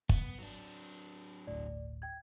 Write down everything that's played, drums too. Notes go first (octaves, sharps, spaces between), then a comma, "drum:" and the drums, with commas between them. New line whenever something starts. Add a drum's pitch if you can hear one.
B3, drum: kick
F#3 D4
G1 D2 A2 D5
G5 G#6